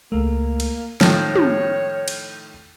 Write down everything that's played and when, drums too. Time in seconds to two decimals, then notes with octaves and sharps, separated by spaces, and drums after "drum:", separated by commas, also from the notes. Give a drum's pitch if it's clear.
0.12 C#2 A3 A#3
0.60 drum: cymbal
1.01 A2 D#3 F3 C#5 F6 G6, drum: snare
1.36 drum: tom
2.08 drum: cymbal